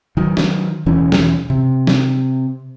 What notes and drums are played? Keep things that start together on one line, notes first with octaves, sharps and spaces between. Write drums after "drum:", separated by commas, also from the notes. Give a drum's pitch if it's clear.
D#3 F#3
drum: snare
E1 E3 C#4
drum: snare
C3
drum: snare